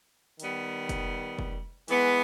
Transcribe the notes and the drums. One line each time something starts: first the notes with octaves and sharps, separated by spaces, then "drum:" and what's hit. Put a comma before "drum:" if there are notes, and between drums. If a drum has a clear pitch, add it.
D#3 G3 B3, drum: hi-hat
drum: kick F1, hi-hat
drum: kick F1
E3 G#3 B3, drum: hi-hat